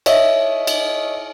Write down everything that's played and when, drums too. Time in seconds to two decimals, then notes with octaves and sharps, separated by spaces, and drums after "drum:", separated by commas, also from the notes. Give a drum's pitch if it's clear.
0.06 C#5 D#5 E5, drum: cymbal
0.67 drum: cymbal